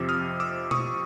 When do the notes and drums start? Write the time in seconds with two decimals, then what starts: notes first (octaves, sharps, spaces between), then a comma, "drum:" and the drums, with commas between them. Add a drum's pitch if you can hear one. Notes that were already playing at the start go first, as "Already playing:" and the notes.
Already playing: F2 C3 F3 D6 E6
0.09 D#6 F6
0.40 D6 E6
0.71 C#6 D#6, drum: tom B2